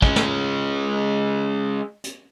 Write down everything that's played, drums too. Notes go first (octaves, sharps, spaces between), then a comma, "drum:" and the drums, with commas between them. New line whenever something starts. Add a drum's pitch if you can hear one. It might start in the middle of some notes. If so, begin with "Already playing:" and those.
G#3 C#4, drum: kick
drum: snare
drum: hi-hat